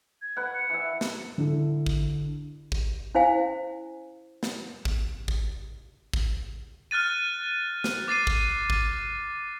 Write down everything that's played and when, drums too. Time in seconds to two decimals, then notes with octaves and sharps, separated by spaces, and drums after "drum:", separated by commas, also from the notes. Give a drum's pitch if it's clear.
0.22 G#6
0.37 B4 F#5
0.54 C#7
0.70 E3 E5
1.01 drum: snare
1.38 D3 E4 A4
1.86 drum: kick
2.72 drum: kick
3.15 C#4 E4 C5 F5 G#5
4.43 drum: snare
4.85 drum: kick
5.28 drum: kick
6.13 drum: kick
6.91 F6 F#6 A6 D#7
7.84 drum: snare
8.08 D6 A6 C7 D#7
8.27 drum: kick
8.70 drum: kick